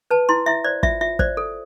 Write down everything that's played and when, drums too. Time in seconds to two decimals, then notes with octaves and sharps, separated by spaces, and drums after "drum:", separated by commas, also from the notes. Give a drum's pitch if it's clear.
0.11 B4 A5
0.29 E4 C6
0.46 E4 E5
0.64 C5 D5
0.83 F4 E5, drum: kick
1.01 F4 E5
1.19 C5 D5, drum: kick
1.37 A4